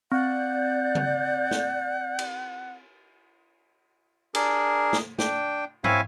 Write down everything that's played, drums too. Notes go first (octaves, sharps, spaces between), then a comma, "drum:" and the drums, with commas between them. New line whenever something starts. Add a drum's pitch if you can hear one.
C4 D5 F#5 G6
drum: tom C#3
drum: snare
drum: cymbal
D4 G#4 A#4, drum: cymbal
drum: snare
D4 G5, drum: snare
C4 E4 C#5 E5 F5 G#5, drum: tom G2